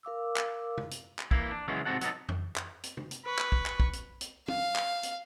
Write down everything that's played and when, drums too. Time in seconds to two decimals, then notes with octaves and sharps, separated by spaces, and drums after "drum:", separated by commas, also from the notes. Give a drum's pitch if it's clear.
0.03 A#4 F5 D6 E6
0.36 drum: clap
0.78 drum: tom
0.91 drum: hi-hat
1.19 drum: clap
1.31 E3 A#3 E4, drum: kick
1.51 D4
1.68 C#3 E3 F#3 G#3 B3 C#4
1.85 G#2 C3 C4 F#4 A4 F#5
2.01 F#3 B3 D#4 A4, drum: hi-hat
2.29 drum: tom
2.56 drum: clap
2.84 drum: hi-hat
2.97 drum: tom
3.11 drum: hi-hat
3.25 B4 C#6
3.38 drum: clap
3.52 drum: kick
3.66 drum: clap
3.80 drum: kick
3.93 drum: hi-hat
4.21 drum: hi-hat
4.48 F5, drum: tom
4.76 drum: clap
5.03 drum: hi-hat